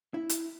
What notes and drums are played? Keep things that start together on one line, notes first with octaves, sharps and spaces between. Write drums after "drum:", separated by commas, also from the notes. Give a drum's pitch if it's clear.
E4
drum: hi-hat